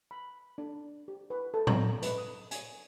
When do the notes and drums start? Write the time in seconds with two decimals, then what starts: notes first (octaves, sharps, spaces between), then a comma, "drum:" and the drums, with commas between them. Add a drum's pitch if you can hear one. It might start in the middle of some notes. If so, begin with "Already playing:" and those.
0.11 B5
0.58 D4
1.08 G4
1.30 B4
1.54 A4
1.67 A#5, drum: tom
2.03 B4, drum: hi-hat
2.18 D#6
2.51 G#5, drum: hi-hat